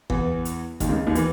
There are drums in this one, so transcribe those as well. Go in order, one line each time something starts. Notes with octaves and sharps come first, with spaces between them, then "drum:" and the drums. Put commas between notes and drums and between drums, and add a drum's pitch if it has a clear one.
E2 E3, drum: kick G1
drum: hi-hat
D#2 D#3, drum: kick G1, hi-hat
C#2 C#3
D#2 D#3
E3, drum: hi-hat